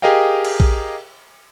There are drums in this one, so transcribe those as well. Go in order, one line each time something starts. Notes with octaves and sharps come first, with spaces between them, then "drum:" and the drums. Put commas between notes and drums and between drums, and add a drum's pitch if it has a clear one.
G4 G#4 A#4 D#5 F5 G5
drum: cymbal
drum: kick A#1